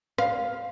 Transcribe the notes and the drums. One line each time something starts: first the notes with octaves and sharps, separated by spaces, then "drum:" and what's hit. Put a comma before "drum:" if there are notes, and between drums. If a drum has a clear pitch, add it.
F5, drum: rim click